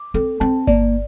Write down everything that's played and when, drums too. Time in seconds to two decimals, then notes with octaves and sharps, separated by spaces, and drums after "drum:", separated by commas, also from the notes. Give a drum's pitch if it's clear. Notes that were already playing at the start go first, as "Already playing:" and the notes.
Already playing: D6
0.14 C4 A4
0.40 C4 A5
0.67 A#3 D5, drum: kick G1